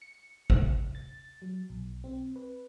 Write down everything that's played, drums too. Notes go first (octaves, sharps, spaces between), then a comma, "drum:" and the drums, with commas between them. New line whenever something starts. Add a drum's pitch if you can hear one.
C#7
drum: kick
A6
F#3
B1
C4
B4